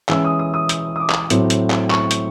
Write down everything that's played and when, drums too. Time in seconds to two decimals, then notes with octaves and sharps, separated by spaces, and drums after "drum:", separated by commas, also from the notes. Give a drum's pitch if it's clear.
0.09 E3 G#3 C#4 E4 E6, drum: clap
0.25 D#6
0.39 D#6
0.54 D#6
0.69 D#6, drum: hi-hat
0.96 D#6
1.00 D6
1.10 drum: clap
1.30 A2 F#3 A3 C4, drum: hi-hat
1.50 drum: hi-hat
1.70 drum: clap
1.90 C#6, drum: clap
2.11 drum: hi-hat